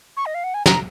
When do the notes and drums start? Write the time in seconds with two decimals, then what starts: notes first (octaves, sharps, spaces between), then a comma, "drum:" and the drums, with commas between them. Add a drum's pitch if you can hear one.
0.17 C#6
0.26 D#5
0.34 F5
0.44 F#5
0.54 G#5
0.66 A#5, drum: snare